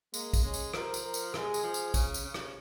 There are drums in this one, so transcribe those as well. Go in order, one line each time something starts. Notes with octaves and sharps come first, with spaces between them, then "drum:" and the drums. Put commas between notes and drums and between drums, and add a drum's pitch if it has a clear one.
G#3 A#3, drum: tambourine
drum: kick, tambourine
G#3 C#4
drum: tambourine
F3 A#4, drum: rim click
drum: tambourine
A#4
drum: tambourine
G#3 G#4, drum: rim click
drum: tambourine
F3
drum: tambourine
C#3, drum: kick, tambourine
drum: tambourine
C#3
drum: rim click